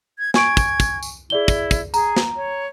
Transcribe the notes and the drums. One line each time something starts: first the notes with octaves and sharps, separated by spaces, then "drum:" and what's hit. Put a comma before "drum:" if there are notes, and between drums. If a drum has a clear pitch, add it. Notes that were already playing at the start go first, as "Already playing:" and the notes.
G#6
G#5 C#6 G#6 D7, drum: snare
drum: kick, tambourine
drum: kick, tambourine
drum: tambourine
E4 G#4 D5 G7
drum: kick, tambourine
drum: kick, tambourine
G#4 A#5, drum: tambourine
drum: snare
C#5